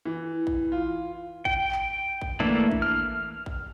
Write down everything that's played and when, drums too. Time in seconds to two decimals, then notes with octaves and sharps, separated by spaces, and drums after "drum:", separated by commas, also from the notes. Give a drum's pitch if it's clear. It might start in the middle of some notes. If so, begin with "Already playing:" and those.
0.05 E3
0.47 drum: kick A1
0.72 F4
1.45 G5, drum: kick A1
1.72 drum: clap
2.22 drum: kick A1
2.40 E3 A3 A#3 D4 E4
2.71 drum: kick A1
2.82 F6
3.46 drum: kick A1